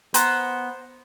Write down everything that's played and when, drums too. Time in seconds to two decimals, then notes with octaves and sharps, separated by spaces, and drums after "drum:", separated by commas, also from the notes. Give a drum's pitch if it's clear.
0.14 B3 C5 F#5 A#5, drum: hi-hat